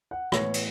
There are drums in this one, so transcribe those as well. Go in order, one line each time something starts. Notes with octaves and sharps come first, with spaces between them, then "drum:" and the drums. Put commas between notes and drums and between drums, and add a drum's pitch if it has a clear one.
F#5
A2 E3 B3 C#5, drum: rim click
drum: cymbal